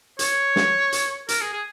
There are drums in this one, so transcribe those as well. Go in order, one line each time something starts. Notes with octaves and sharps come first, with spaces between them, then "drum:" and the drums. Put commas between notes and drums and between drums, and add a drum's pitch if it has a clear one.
C#5, drum: hi-hat
drum: snare
drum: hi-hat
A#4, drum: hi-hat
G#4
G#4